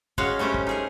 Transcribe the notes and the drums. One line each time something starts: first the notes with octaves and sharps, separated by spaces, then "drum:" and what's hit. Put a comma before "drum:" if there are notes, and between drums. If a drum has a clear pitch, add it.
G#3 C#4 F#4 C#5 F5, drum: kick
G3 A3 C#4 G4 C5
drum: kick
D#4 G#4 A#4